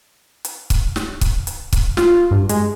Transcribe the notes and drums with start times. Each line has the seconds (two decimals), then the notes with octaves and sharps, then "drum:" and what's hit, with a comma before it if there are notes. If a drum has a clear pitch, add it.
0.45 drum: hi-hat
0.70 drum: kick, hi-hat
0.96 drum: snare
1.21 drum: kick, hi-hat
1.47 drum: hi-hat
1.73 drum: kick, hi-hat
1.97 F4, drum: snare
2.31 G2
2.49 G#3, drum: hi-hat